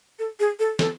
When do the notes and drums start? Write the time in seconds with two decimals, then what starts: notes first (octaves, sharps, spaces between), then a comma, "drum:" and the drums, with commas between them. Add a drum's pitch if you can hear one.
0.19 A4
0.40 G#4
0.59 A4
0.79 A4, drum: snare